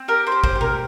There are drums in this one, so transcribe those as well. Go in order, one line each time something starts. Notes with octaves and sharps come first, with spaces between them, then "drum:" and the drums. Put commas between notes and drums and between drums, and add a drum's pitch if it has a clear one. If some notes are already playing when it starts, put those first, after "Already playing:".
Already playing: C4
G4 A#4
C5
G4
C5, drum: kick G#1
G4
A#4, drum: tom B2